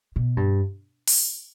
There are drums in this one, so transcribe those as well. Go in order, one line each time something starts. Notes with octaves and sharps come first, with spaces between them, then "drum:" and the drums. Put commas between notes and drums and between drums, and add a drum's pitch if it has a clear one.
B2
G2
drum: open hi-hat